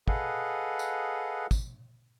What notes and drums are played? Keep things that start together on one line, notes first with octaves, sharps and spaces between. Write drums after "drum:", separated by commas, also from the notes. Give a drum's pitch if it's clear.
G#4 A4 B4 D#5 F5 F#5, drum: kick
drum: tambourine
drum: kick, tambourine